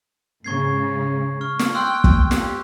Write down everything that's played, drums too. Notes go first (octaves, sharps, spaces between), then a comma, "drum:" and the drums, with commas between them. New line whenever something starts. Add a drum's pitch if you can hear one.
G#2 C#3 C#6 G#6 C7
C#6 F6
drum: snare
G5 C6 E6 F#6
drum: kick
G4, drum: snare